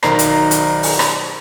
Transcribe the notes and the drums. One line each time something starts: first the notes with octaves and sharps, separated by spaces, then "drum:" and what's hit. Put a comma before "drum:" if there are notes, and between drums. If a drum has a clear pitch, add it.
B1 D#3 C5 D5 A#5 C7, drum: rim click
drum: hi-hat
drum: hi-hat
drum: open hi-hat
drum: rim click